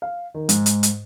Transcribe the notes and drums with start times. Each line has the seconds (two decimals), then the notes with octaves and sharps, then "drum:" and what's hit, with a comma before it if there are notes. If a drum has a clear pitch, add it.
0.02 F5
0.34 D#3
0.49 G#2, drum: hi-hat
0.66 drum: hi-hat
0.83 drum: hi-hat